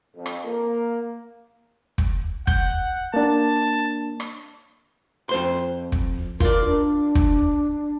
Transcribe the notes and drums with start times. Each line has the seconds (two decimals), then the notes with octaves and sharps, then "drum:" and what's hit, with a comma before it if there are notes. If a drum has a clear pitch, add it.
0.17 F2
0.26 drum: rim click
0.45 A#3
1.98 drum: kick
2.47 F#5 G6, drum: kick
3.14 A#3 D4 A5
4.20 drum: rim click
5.29 F2 C5 C6
5.92 drum: kick
6.40 F4 A#4 D5, drum: kick
6.66 D4
7.15 drum: kick